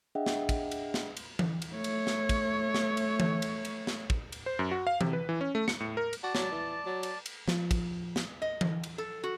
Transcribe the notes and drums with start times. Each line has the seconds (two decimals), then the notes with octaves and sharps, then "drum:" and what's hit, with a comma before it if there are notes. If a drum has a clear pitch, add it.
0.15 D4 G#4 D#5 E5 F#5 G5
0.26 drum: snare
0.49 drum: kick, cymbal
0.72 drum: cymbal
0.94 drum: snare
1.17 drum: cymbal
1.39 drum: tom E3
1.62 drum: cymbal
1.72 A3 C#5
1.84 drum: cymbal
2.07 drum: snare
2.29 drum: kick, cymbal
2.75 drum: snare
2.97 drum: cymbal
3.20 drum: tom E3
3.42 drum: cymbal
3.65 drum: cymbal
3.87 drum: snare
4.10 drum: kick
4.32 drum: cymbal
4.46 C5
4.59 F#2
4.71 F#4
4.87 F5
5.01 C3, drum: tom E3
5.13 B4
5.29 E3
5.41 C#4
5.55 A3
5.68 C#7, drum: snare
5.80 A2
5.97 A#4
6.13 drum: cymbal
6.23 F#4 D5 A5
6.35 F#3, drum: snare
6.52 E3
6.86 F#3
7.03 drum: cymbal
7.26 drum: cymbal
7.48 F3, drum: snare
7.71 drum: kick, cymbal
8.16 drum: snare
8.42 D#5
8.61 drum: tom E3
8.84 drum: cymbal
8.98 A4
9.23 F#4